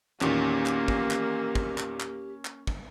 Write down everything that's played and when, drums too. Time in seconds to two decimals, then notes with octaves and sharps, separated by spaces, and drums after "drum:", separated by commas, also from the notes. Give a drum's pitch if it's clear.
0.21 E2 A#2 D#3 A#3 C#4 G4, drum: clap
0.66 drum: clap
0.88 drum: kick
1.11 drum: clap
1.55 drum: kick
1.78 drum: clap
2.00 drum: clap
2.45 drum: clap
2.67 drum: kick